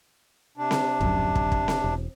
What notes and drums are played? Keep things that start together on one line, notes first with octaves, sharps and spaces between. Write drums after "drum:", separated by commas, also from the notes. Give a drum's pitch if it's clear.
C3 D4
drum: snare C4
D1 A#1 F#2, drum: kick
drum: kick
drum: kick
drum: snare C4
E1